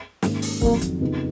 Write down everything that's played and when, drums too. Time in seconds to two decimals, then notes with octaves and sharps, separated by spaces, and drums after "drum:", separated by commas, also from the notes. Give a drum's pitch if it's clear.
0.22 G#2 D#3 A#3 C#4, drum: snare
0.42 drum: open hi-hat
0.61 F2 D#3 F#3 A#3, drum: kick C#1
0.81 drum: hi-hat
1.01 F2 C#3 F3 B3 D#4